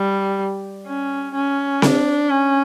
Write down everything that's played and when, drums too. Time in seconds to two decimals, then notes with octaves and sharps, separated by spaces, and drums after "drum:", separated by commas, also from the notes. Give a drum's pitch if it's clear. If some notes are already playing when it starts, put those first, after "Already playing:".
Already playing: G3
0.87 C#4
1.35 C#4
1.82 D4, drum: snare C4
2.29 C#4